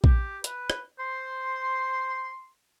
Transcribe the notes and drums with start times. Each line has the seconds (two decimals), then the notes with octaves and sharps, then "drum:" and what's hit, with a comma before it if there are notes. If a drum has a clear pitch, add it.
0.04 G4, drum: kick A#1
0.44 B4, drum: hi-hat
0.70 drum: rim click
0.99 C5 C6